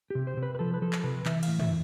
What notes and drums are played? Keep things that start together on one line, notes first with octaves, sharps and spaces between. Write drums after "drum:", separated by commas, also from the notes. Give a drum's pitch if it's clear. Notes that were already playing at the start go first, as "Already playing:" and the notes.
C3 G4
C5
C3
B4
B4
F3 A4
B4
F3 A4
drum: clap
C3 B4
E3 E5, drum: clap
A2 F5, drum: cymbal
E5, drum: tom